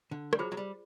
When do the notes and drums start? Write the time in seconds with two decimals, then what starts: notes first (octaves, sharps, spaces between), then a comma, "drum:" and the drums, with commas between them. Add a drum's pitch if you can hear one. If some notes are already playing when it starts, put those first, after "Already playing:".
0.11 D3
0.33 G3, drum: rim click
0.39 F#3 F4 G#4 C5
0.52 F#3
0.57 G3